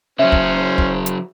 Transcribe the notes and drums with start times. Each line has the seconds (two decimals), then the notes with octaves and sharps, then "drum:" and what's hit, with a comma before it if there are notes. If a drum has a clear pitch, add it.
0.19 C#3 F#3 C#4 C5 E5
0.32 drum: kick
0.78 drum: kick
1.06 drum: hi-hat